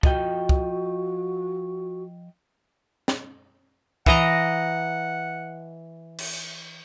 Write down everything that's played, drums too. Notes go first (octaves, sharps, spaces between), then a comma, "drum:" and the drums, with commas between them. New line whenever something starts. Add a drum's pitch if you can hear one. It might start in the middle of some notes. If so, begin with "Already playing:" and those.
F3 F#4 D#5 G5, drum: kick
drum: kick
drum: snare
E3 D#5 F#5 A#5, drum: kick
drum: cymbal
drum: hi-hat